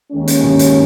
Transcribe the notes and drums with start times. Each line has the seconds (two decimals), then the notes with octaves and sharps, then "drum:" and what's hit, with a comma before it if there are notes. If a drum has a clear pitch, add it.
0.12 D#2 D#3 G#3 C#4
0.28 drum: hi-hat
0.43 drum: tom G2
0.59 drum: hi-hat